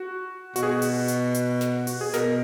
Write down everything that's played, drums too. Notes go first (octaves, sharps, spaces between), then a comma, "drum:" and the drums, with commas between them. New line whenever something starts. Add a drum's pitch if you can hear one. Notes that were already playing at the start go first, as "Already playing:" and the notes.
Already playing: F#4
B2 F#4, drum: hi-hat
G#4
F#4
drum: open hi-hat
drum: hi-hat
drum: hi-hat
drum: snare
F#4, drum: open hi-hat
G#4
B2 A#4, drum: snare